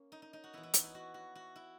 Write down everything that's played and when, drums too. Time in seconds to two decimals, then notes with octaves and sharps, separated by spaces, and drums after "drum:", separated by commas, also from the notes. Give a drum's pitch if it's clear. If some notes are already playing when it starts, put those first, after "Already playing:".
Already playing: A#3 C#4
0.12 D#4
0.22 D#4
0.33 D#4
0.44 F#4
0.53 E3 B3 E4
0.63 E4
0.74 D#4, drum: hi-hat
0.84 E4
0.95 F#4
1.14 F#4
1.35 F#4
1.56 E4